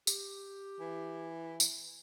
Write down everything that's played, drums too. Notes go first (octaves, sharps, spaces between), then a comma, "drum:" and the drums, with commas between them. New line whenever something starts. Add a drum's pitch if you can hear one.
G4, drum: tambourine
E3
drum: tambourine